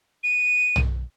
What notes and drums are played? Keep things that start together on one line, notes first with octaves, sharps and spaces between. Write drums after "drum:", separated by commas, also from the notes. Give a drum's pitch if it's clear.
D#7
drum: tom